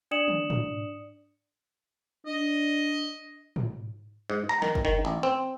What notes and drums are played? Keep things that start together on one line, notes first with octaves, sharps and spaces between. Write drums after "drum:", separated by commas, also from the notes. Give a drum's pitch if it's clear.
D4 D5 D#6 C#7 E7 F#7
drum: tom
drum: tom
D4 D#5
drum: tom
G#2
A#5
D#3, drum: snare
drum: kick
D#3
A1
C4